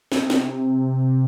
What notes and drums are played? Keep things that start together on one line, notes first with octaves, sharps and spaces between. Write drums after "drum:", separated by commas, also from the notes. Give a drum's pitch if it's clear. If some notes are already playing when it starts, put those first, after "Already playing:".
C3, drum: snare
drum: snare